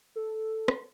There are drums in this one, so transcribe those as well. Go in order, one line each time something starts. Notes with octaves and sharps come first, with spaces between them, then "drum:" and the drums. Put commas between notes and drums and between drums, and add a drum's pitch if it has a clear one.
A4
drum: rim click